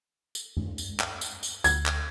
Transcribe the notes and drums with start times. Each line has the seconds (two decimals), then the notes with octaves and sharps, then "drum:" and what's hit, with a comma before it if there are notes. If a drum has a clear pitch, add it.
0.35 drum: tambourine
0.57 drum: tom F#2
0.78 drum: tambourine
1.00 drum: clap
1.21 drum: tambourine
1.43 drum: tambourine
1.64 D2 G#6, drum: tambourine
1.86 drum: clap